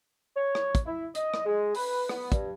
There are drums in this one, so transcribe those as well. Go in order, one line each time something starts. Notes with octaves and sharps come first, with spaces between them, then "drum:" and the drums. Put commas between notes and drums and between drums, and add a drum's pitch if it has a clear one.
C#5
drum: rim click
drum: kick, hi-hat
E4
D#5, drum: hi-hat
drum: rim click
G#3
B4, drum: open hi-hat
B3, drum: rim click
G2, drum: kick, hi-hat